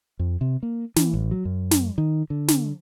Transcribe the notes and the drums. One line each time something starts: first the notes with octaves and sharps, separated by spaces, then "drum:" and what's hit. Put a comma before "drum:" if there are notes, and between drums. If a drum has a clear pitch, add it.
F2
C3
A#3
E3, drum: snare
A1
F#3
F#2
drum: snare
D#3
D3
drum: snare